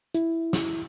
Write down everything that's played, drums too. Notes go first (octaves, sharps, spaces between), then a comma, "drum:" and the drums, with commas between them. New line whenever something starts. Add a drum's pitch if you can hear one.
E4, drum: hi-hat
drum: snare